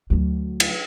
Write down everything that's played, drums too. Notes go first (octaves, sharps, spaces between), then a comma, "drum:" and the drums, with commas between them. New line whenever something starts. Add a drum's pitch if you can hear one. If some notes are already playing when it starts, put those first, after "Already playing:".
D2 F#3
drum: cymbal